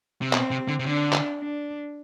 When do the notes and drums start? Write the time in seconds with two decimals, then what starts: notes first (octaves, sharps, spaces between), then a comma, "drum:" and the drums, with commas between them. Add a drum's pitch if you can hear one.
0.22 C3
0.33 B2 C4, drum: clap
0.51 C3
0.68 D3
0.79 C3
0.86 D3 D4
1.12 drum: clap
1.38 D4